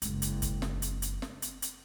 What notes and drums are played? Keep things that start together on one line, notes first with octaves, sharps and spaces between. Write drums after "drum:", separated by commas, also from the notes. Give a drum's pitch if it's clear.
F#1 G#3, drum: hi-hat
drum: hi-hat
drum: kick, hi-hat
drum: snare
drum: hi-hat
drum: hi-hat
drum: snare
drum: hi-hat
drum: hi-hat